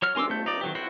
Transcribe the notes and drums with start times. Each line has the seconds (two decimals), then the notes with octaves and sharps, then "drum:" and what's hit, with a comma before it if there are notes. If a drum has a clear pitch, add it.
0.02 F#3 C#5 F6
0.15 A#4 G#5 C6 D6 E6, drum: cymbal
0.30 A3 G6
0.46 D#4 D5
0.61 D#3 F#3 G4
0.75 E4 F#4 C5 F#5 G5